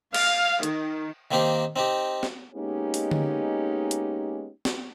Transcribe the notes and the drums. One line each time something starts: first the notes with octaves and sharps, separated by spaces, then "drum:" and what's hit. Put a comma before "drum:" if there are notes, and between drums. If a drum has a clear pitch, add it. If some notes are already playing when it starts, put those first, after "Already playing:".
F5, drum: cymbal
D#3, drum: hi-hat
D#3 A#3 C4 D#4 G4 C5
C4 D#4 G4
drum: snare
G#3 A#3 B3 C#4 D#4 G4
drum: open hi-hat
drum: tom D3
drum: hi-hat
drum: snare